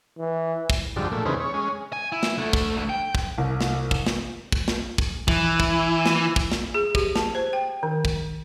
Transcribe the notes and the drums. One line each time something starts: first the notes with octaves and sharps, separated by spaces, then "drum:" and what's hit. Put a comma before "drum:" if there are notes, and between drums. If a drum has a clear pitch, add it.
E3
drum: kick
F2 G#2 D3 G3
A#2 A3
E2 C#3 C4 D#4 G#4 B4
C#5
G#3 C#4
G#5
E4
drum: snare
D3 A3
drum: kick
G5
drum: kick
C2
drum: snare
drum: kick
drum: snare
drum: kick
drum: snare
drum: kick
E3, drum: kick
drum: kick
drum: snare
drum: kick
drum: snare
G#4
G4, drum: kick
A5, drum: snare
C5
G5
D#3
drum: kick